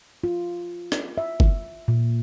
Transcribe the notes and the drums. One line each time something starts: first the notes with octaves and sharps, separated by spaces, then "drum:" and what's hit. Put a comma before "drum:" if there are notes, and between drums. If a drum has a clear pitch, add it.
F4
drum: rim click
E5
drum: kick F#1
A#2